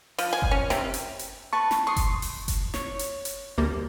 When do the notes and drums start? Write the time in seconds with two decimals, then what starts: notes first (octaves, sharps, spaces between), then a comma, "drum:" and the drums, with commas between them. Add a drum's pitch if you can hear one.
0.18 F3, drum: open hi-hat
0.33 G#5
0.42 drum: kick F#1
0.51 C#4
0.70 C3, drum: snare
0.94 drum: hi-hat
1.19 drum: hi-hat
1.53 B4 A5 C#6
1.71 drum: snare
1.87 C6 C#6 D#6
1.96 drum: kick F#1, hi-hat
2.22 drum: open hi-hat
2.48 drum: kick F#1, hi-hat
2.74 C#5, drum: snare
2.99 drum: hi-hat
3.25 drum: hi-hat
3.58 D2 G3 A#3